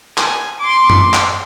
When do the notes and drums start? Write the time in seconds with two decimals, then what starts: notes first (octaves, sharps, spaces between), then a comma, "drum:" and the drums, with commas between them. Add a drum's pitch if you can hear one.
0.18 G#5, drum: clap
0.60 C6 D6
0.90 drum: tom F#2
1.14 drum: clap